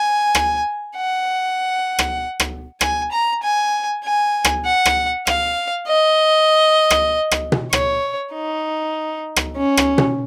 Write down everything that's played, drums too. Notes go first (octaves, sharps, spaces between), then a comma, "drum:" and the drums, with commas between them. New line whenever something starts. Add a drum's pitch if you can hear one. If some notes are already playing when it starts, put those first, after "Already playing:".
Already playing: G#5
drum: rim click
F#5
drum: rim click
drum: rim click
G#5, drum: rim click
A#5
G#5
G#5
drum: rim click
F#5
drum: rim click
F5, drum: rim click
D#5
drum: rim click
drum: rim click
drum: tom B2
C#5, drum: rim click
D#4
drum: rim click
C#4
drum: rim click
drum: tom B2